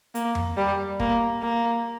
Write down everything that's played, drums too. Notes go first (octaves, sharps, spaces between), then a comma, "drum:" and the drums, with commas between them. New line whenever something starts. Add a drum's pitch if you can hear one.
A#3, drum: hi-hat
drum: tom F2
G3
A#3, drum: kick
A#3